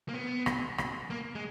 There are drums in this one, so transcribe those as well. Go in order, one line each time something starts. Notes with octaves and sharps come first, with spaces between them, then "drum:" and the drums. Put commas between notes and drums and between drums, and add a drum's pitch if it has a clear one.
A#3
B3
drum: rim click
drum: rim click
A#3
G#3